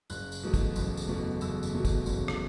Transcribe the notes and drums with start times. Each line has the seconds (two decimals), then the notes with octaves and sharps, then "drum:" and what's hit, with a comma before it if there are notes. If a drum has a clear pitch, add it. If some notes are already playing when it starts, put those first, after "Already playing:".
0.10 F#1 F#6, drum: tambourine
0.32 drum: tambourine
0.43 E2 B2 F#3 A3
0.54 drum: kick, tambourine
0.76 F#1, drum: tambourine
0.97 drum: tambourine
1.08 E2 B2 F#3 A3
1.41 F#1 E6, drum: tambourine
1.63 drum: tambourine
1.74 E2 B2 F#3 A3
1.85 drum: kick, tambourine
2.06 F#1, drum: tambourine
2.28 drum: rim click